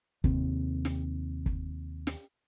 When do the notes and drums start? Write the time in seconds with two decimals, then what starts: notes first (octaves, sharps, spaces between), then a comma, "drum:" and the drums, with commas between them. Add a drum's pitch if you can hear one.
0.24 D#2 C3 C4, drum: kick
0.85 drum: snare
1.46 drum: kick
2.07 drum: snare